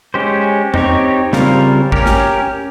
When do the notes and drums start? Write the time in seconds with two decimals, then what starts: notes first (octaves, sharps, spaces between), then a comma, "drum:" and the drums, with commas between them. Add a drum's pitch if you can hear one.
0.14 G#3 C#4 G4 C5
0.74 C4 D#4 G4 C#5, drum: tom E2
1.33 C#3 G3 C4 F4 A#4, drum: snare
1.92 C#4 G4 A#4, drum: kick
2.06 drum: snare